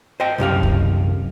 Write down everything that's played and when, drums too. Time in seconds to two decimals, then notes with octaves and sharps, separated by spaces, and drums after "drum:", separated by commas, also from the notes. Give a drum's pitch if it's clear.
0.20 C5 D#5 G5
0.38 C2 F#2 G4 F5
0.63 drum: kick C2